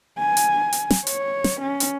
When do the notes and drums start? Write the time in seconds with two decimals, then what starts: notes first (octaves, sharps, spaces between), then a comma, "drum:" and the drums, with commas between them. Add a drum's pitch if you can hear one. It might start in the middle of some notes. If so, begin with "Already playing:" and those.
0.19 G#5
0.37 drum: hi-hat
0.73 drum: hi-hat
0.90 drum: snare
1.07 C#5, drum: hi-hat
1.44 drum: snare
1.61 C#4
1.80 drum: hi-hat